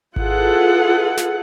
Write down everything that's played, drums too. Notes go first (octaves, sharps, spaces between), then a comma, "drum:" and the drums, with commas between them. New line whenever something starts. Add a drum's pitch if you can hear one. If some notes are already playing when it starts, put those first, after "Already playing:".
E4 F4 G#4 A4 B4 F#5, drum: kick G#1
drum: snare